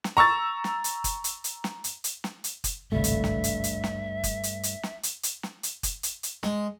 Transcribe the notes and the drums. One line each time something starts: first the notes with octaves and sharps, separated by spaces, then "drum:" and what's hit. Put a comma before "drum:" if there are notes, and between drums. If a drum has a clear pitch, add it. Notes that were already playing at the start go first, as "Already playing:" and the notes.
drum: snare
A#5 C#6 E6 A6
drum: snare
drum: hi-hat
drum: kick F#1, hi-hat
drum: hi-hat
drum: hi-hat
drum: snare
drum: hi-hat
drum: hi-hat
drum: snare
drum: hi-hat
drum: kick F#1, hi-hat
G#1 C#2 G2 C3 A3 E5
drum: hi-hat
drum: snare
drum: hi-hat
drum: hi-hat
drum: snare
drum: kick F#1, hi-hat
drum: hi-hat
drum: hi-hat
drum: snare
drum: hi-hat
drum: hi-hat
drum: snare
drum: hi-hat
drum: kick F#1, hi-hat
drum: hi-hat
drum: hi-hat
G#3, drum: snare